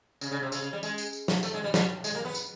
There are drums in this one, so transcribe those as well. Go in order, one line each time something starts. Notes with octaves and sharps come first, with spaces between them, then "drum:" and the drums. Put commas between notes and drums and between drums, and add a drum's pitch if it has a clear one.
C#3, drum: tambourine
C#3
C3
C#3, drum: tambourine
C#3
G3
G#3, drum: tambourine
drum: tambourine
drum: tambourine
drum: snare
A3, drum: tambourine
G#3
G3
G3, drum: snare
G#3, drum: tambourine
A#3
B3
drum: tambourine